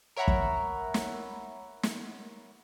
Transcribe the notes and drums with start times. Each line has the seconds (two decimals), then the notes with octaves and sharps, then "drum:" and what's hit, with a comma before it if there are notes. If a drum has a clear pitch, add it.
0.16 A#4 C#5 E5 F#5 A#5 B5
0.28 drum: kick
0.94 drum: snare
1.83 drum: snare